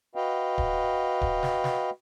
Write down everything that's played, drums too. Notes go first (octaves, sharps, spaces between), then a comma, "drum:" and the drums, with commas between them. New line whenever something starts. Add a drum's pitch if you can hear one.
F#4 B4 D#5 F5 G5
drum: kick D1
drum: kick D1
drum: snare
drum: snare